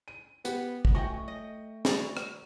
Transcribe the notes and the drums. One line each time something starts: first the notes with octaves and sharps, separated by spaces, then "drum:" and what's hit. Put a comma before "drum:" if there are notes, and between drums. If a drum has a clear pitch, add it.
D#7
B3 G4, drum: hi-hat
drum: kick
A3 F#4 D#5 G5 G#5 C#6
D#5
F#4 D5 A#5, drum: snare
drum: rim click